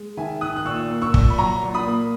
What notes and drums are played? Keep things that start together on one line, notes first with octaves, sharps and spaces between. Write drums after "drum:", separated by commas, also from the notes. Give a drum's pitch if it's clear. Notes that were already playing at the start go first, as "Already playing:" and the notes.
Already playing: G#3
D#3 E5 G#5
D#3 D#6 F#6
F#6
A#2 C#6 E6
A#3
C#6 E6
A#2, drum: kick
B5
F#3 A#5 C#6
A#2
B5 D#6
A#3